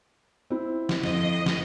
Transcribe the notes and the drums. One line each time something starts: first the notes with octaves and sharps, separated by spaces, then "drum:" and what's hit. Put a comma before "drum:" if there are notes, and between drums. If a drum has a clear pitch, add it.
C4 E4
drum: snare
F2 D#5, drum: snare
drum: snare